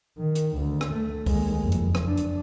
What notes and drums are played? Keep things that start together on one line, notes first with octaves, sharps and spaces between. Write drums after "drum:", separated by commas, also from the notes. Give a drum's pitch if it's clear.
D#3
drum: hi-hat
D2
drum: rim click
A3
D#2 G#3, drum: kick C2, open hi-hat
F#1 F2
drum: hi-hat
drum: rim click
D4
drum: hi-hat